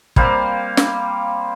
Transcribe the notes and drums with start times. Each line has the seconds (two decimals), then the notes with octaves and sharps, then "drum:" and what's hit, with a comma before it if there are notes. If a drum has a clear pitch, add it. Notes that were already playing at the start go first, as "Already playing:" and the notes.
0.16 G3 A#3 C4 F5, drum: kick
0.77 drum: snare